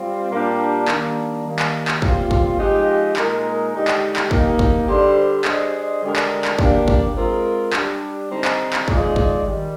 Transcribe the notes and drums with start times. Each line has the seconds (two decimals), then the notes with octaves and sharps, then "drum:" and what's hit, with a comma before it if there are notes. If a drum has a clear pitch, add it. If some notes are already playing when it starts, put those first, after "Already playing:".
Already playing: G3 C4 F4
0.31 A#2 G3 A#3 D4 G4
0.88 D#3 G3 A#3 D4, drum: clap
1.45 D#3 G3 A#3
1.59 drum: clap
1.88 drum: clap
2.02 A#2 G3 C4 F4, drum: kick
2.31 drum: kick
2.59 F3 G#3 D#4 G4
3.17 A#2 G#3 D#4 A#4, drum: clap
3.73 D3 G#3 D#4 G4 D5
3.88 drum: clap
4.16 drum: clap
4.31 A#3 D#4 G4, drum: kick
4.59 drum: kick
4.88 D3 G3 D4 G4 C5
5.45 G3 D4 G#4 C5 D#5, drum: clap
6.02 D3 G#3 D4 G4 A#4
6.16 drum: clap
6.45 drum: clap
6.59 A#3 D4 G4, drum: kick
6.88 drum: kick
7.16 G#3 C4 F4 A#4
7.73 G3 D4 G4, drum: clap
8.31 D3 G3 C4 D#4
8.45 drum: clap
8.73 drum: clap
8.88 F3 G#3 D#4 G#4 D5, drum: kick
9.16 drum: kick
9.45 D#3 G3